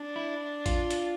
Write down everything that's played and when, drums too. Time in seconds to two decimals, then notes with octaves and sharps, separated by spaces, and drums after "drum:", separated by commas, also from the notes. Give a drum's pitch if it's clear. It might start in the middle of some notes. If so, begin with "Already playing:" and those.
Already playing: D4
0.16 E4
0.66 F4, drum: kick, hi-hat
0.90 drum: hi-hat